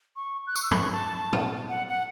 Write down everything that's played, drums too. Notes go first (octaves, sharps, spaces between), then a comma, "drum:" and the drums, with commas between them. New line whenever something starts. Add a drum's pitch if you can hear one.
C#6
F#6
C#6, drum: tambourine
E6
B5, drum: tom
C#6
A5
drum: tom
F#5
F#5